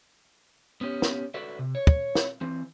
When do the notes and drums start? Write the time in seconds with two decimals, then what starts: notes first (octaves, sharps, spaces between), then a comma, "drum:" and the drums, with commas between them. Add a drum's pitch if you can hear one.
0.81 B3 C#4 G4
1.02 drum: snare
1.34 F#4 A4 B4 D5 E5
1.59 C3
1.75 C#5
1.87 drum: kick
2.15 drum: snare
2.41 E3 C4